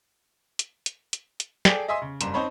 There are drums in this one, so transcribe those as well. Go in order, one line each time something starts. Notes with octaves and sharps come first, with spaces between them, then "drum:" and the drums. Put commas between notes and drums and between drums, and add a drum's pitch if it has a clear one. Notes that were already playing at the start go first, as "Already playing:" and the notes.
drum: hi-hat
drum: hi-hat
drum: hi-hat
drum: hi-hat
G#4 A4 D5 G5, drum: snare
D#5 E5 G#5 C6 D#6
C#3
F#1 G2 A#5 C6 E7, drum: hi-hat
C4 D#4 C5 C#5 A5 B5